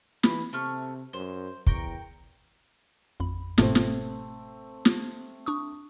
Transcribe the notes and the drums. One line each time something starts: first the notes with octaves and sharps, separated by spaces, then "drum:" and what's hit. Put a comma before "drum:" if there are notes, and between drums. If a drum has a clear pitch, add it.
E3 B5, drum: snare
C3 A3 C#6 F6
F#2 C5
E2 A#4 G5 C#6, drum: kick
A1 F2 B5
G1 G#2 B2 A3 C4, drum: snare
drum: snare
drum: snare
D4 C#6 D#6